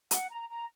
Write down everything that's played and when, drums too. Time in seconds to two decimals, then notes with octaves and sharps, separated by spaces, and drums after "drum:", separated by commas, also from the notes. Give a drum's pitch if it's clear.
0.11 F#5, drum: hi-hat
0.29 A#5
0.48 A#5